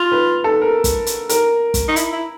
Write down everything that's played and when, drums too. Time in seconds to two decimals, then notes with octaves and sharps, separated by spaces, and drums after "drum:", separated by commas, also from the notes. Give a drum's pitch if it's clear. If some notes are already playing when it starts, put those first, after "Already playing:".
Already playing: F4
0.12 B4
0.44 A4
0.61 A#4
0.84 drum: kick, hi-hat
1.06 drum: hi-hat
1.29 A#4, drum: hi-hat
1.74 drum: kick, hi-hat
1.88 D#4
1.96 E4, drum: hi-hat
2.13 E4